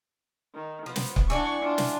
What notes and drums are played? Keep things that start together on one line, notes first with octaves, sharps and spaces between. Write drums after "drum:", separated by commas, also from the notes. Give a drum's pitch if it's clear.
D#3
F3 B3
drum: snare
drum: kick C#1
E3 D4 D5 F#5 C#6
D4 F4
drum: snare